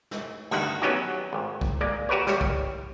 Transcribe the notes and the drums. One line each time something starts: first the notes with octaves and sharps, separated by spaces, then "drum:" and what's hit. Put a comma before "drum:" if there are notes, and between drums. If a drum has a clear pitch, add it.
drum: snare
D2 G2 D#3 F#5, drum: cymbal
F#3 B3 C#4 D#4 F#4 G4
G#1
drum: kick
G#3 A#3 D5
F#4 G4 A#4 B4 C#5
G3 G4 C#5 F5, drum: snare
drum: kick